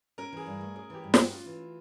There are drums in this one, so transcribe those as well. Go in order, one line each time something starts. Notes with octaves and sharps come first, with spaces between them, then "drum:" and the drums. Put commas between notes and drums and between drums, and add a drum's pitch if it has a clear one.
C#4 A#4
E3 G#4
G2
A3
C#4 G#4
E3 G4
G2
A3 F#4, drum: snare
C#4 F4
E3